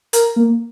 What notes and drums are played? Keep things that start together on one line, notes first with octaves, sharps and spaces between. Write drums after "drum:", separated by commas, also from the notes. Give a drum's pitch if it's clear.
A#4, drum: hi-hat
A#3